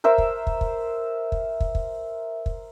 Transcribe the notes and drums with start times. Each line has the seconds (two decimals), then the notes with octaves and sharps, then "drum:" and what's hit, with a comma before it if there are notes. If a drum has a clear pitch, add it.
0.04 A#4 C5 E5
0.18 drum: kick
0.47 drum: kick
0.61 drum: kick
1.32 drum: kick
1.60 drum: kick
1.75 drum: kick
2.46 drum: kick